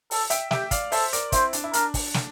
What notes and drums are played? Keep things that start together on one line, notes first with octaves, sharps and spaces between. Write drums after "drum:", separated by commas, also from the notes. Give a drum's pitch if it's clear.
A4, drum: open hi-hat
E5 G5, drum: hi-hat
G4 E5 G5, drum: snare
D5 F5, drum: kick, hi-hat
A4 C5 E5, drum: open hi-hat
A#4 D5, drum: hi-hat
C4 E4 C5, drum: kick, hi-hat
D4, drum: hi-hat
E4
D4 A#4, drum: hi-hat
drum: kick, open hi-hat
drum: snare